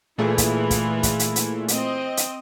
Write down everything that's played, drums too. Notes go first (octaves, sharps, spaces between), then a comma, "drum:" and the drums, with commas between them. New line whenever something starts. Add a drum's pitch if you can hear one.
A#2 E3 A3 E4 F4 G#4
drum: kick, hi-hat
drum: kick, hi-hat
drum: kick, hi-hat
drum: hi-hat
drum: hi-hat
C4 D#5, drum: hi-hat
drum: hi-hat